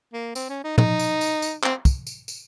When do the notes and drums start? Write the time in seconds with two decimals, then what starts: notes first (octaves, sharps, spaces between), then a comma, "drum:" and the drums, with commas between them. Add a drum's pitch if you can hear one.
0.14 A#3
0.35 C4, drum: tambourine
0.50 C#4
0.64 D#4
0.78 D#4, drum: tom
0.99 drum: tambourine
1.21 drum: tambourine
1.42 drum: tambourine
1.64 C4, drum: clap
1.85 drum: kick, tambourine
2.07 drum: tambourine
2.28 drum: tambourine